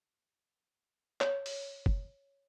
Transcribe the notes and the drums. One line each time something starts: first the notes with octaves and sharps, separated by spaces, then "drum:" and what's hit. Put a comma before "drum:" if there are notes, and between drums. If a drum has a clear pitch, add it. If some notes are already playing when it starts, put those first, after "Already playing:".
C#5, drum: clap
drum: open hi-hat
drum: kick F#1